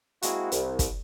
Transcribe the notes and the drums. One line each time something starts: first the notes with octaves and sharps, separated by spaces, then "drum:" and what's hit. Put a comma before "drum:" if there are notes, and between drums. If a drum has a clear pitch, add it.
G#3 A#3 C4 E4 F#4, drum: hi-hat
C2, drum: hi-hat
drum: kick, hi-hat